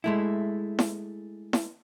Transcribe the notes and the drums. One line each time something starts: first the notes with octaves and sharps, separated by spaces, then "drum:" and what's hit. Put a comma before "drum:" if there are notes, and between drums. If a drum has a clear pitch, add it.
G#3 A3 E4
drum: snare E4
drum: snare E4